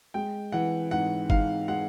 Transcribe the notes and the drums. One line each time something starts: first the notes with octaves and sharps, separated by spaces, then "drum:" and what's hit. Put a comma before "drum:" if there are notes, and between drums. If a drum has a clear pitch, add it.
G#3 G5
E3 F#5
G#2 F#5
G#2 F5, drum: kick G1
G#3 F#5